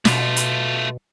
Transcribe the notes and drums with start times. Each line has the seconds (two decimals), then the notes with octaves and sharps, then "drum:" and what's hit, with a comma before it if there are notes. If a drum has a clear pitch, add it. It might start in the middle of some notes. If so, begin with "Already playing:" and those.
0.05 B2 A3 F4, drum: snare
0.36 drum: hi-hat